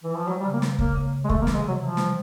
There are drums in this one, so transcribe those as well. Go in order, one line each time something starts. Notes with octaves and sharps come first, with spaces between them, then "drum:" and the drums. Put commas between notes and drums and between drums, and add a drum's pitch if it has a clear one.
E3
F3
F#3 G#3
G3
C#3
A#3
C#3, drum: snare
C#3 A#3, drum: kick
C#3
C#3
G#3
E3 A3, drum: kick
A#3
C3, drum: snare
G#3
C3 F#3
E3 F3
G3, drum: snare